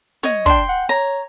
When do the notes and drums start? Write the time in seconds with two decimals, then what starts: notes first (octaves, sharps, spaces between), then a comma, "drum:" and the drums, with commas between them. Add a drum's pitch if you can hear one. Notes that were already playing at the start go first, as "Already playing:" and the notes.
0.23 C#5 D#5, drum: snare
0.46 D4 G5 C6, drum: kick
0.69 F#5
0.89 C#5 A#5